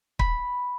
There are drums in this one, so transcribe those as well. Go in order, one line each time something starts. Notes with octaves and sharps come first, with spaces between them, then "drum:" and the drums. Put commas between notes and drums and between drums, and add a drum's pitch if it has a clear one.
B5, drum: kick